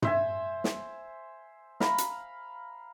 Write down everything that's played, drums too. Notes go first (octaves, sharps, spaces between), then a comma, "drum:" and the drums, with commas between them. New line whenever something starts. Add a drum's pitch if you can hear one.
C5 E5 G#5, drum: tom
drum: snare
F5 A#5 B5, drum: snare
drum: hi-hat